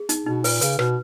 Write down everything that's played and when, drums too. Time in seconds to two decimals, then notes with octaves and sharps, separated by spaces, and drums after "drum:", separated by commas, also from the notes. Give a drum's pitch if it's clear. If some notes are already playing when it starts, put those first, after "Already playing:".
Already playing: G#4
0.09 D#4, drum: hi-hat
0.26 B2 D#4
0.44 A#2 B4, drum: open hi-hat
0.61 C#3 B4, drum: hi-hat
0.79 B2 B4, drum: rim click